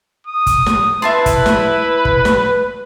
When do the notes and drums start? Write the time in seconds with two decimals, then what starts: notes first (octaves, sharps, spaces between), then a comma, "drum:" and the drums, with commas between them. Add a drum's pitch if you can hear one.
0.27 D#6
0.47 drum: kick, hi-hat
0.66 drum: snare
1.02 E4 B4 E5 A5 C6
1.26 drum: kick, hi-hat
1.46 drum: snare
2.05 drum: kick
2.25 drum: snare